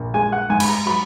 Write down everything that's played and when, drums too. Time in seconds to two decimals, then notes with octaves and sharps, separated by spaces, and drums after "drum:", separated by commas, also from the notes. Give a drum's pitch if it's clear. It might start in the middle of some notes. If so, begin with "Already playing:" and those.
Already playing: A#1
0.14 G#3 G#5
0.32 F#5
0.50 G#2 G#5
0.60 B5, drum: cymbal
0.68 A#5
0.86 F#3 B5